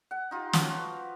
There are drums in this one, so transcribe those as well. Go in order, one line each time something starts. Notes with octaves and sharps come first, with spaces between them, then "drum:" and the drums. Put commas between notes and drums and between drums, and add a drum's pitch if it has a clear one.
F#5
D#4 F4 G4
F3 F#4 F5 D6, drum: snare
B4